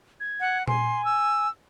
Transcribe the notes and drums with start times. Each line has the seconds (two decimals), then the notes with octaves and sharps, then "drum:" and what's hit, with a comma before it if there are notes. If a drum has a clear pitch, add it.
0.20 G#6
0.40 F#5
0.68 G#5 C6, drum: tom A#2
1.05 E6